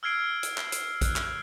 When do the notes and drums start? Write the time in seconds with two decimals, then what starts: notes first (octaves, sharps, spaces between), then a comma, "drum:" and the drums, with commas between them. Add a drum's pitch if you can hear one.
0.03 E6 F6 G#6 C7 D7
0.43 drum: hi-hat
0.58 drum: clap
0.72 drum: hi-hat
1.01 F#6, drum: kick A#1, hi-hat
1.16 drum: clap